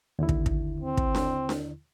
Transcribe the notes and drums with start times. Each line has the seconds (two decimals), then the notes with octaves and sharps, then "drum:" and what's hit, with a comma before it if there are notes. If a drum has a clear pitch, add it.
0.19 D#2 D3 E4
0.29 drum: kick
0.46 drum: kick
0.80 C4
0.97 drum: kick
1.15 drum: snare D4
1.49 drum: snare D4